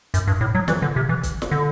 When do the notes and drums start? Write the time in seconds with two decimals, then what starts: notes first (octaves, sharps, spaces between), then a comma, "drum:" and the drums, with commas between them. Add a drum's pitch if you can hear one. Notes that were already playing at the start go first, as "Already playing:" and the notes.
0.14 F#2, drum: hi-hat
0.27 G2
0.41 A2
0.55 F#3
0.68 E3, drum: snare
0.82 D3
0.96 C3
1.09 E3
1.23 drum: kick, hi-hat
1.42 drum: snare
1.51 D3